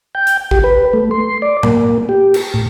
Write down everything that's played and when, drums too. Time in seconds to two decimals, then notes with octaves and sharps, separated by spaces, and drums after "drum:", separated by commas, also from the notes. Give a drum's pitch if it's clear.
0.15 G5
0.27 drum: hi-hat
0.51 G4, drum: kick A1
0.64 B4
0.93 A3
1.11 C6
1.42 D5
1.63 A#3, drum: tom A2
2.09 G4
2.34 drum: cymbal
2.54 A2